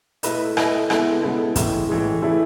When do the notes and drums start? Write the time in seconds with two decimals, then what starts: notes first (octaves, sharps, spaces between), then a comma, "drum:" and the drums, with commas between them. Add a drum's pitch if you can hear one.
0.23 A3 E4 B4 D#5, drum: hi-hat
0.57 A3 E4 B4 D#5, drum: rim click
0.90 C#3 G#3 B3 E4 A4, drum: rim click
1.22 C#3 G#3 B3 E4 A4
1.56 A2 E3 G#3, drum: kick, hi-hat
1.89 A2 E3 G#3
2.22 C#3 E3 A3 E4 A4